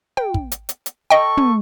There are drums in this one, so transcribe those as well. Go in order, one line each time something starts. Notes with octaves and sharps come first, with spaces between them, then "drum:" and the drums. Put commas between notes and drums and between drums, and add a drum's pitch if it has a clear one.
G5, drum: tom
drum: kick
drum: hi-hat
drum: hi-hat
drum: hi-hat
A4 D#5 G5 C#6
drum: tom